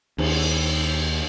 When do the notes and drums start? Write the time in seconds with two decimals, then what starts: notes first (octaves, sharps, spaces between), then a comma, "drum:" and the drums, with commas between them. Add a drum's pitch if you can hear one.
0.18 D#2, drum: cymbal